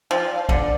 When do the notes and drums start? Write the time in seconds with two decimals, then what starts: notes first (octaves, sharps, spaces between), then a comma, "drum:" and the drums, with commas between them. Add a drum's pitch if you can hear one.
0.11 F3 G5
0.18 F5
0.26 D5
0.34 F5
0.43 C5
0.49 D3 D5, drum: kick